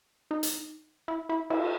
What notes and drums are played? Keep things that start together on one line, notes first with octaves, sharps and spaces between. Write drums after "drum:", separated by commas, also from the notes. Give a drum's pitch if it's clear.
D#4
drum: hi-hat
E4
E4
E4, drum: cymbal